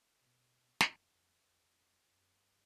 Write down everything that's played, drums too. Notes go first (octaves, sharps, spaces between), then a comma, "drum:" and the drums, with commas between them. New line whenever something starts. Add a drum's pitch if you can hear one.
B2
F2, drum: snare
F2
F2
F#2
G2